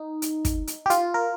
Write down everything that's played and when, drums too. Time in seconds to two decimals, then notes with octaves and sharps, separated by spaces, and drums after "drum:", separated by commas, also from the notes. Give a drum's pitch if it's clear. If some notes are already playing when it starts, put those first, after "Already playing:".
Already playing: D#4
0.22 drum: hi-hat
0.45 drum: kick, hi-hat
0.67 drum: hi-hat
0.86 G4
0.90 F4, drum: hi-hat
1.14 A#4